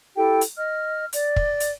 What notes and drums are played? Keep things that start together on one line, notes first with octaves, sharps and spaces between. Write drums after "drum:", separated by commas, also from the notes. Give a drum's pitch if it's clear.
E4 G4 A4 G5
drum: hi-hat
D#5 F6
D5, drum: hi-hat
drum: kick
drum: hi-hat